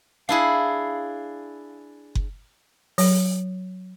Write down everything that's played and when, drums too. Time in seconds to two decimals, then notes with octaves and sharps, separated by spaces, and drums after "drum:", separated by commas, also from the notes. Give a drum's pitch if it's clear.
0.29 D4 E4 G#4 F5
2.15 drum: kick F#1
2.98 F#3, drum: open hi-hat